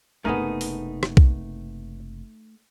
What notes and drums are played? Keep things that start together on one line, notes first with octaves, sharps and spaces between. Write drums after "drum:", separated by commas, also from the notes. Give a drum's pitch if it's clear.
F#1 C3 A3 B3 D#4 G#4 A#4
drum: open hi-hat
drum: rim click
drum: kick B1